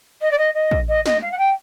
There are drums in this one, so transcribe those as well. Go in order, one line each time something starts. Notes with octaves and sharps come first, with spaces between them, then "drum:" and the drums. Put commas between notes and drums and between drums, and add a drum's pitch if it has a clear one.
D#5
D5
D#5
D#5
drum: kick
D#5
D#5, drum: snare
F5
F#5
G5